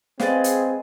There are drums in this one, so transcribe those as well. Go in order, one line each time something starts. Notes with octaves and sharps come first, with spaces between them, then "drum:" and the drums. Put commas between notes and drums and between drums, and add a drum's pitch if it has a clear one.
G#3 C4 G#4 B4 C5 D5 D#5 F5, drum: snare
drum: hi-hat